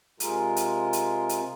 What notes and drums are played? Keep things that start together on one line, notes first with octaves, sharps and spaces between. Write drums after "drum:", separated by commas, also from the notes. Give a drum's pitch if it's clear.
C3 G#3 F4 G#4 A#4, drum: hi-hat
drum: hi-hat
drum: hi-hat
drum: hi-hat